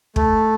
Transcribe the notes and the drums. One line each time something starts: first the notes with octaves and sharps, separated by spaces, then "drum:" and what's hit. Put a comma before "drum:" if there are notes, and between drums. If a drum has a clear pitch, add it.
A3, drum: kick